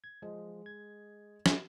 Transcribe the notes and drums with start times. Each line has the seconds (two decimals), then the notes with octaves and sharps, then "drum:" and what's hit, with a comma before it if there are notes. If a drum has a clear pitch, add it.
0.04 G#6
0.22 F3 G#3 D#5
0.66 G#6
1.46 drum: snare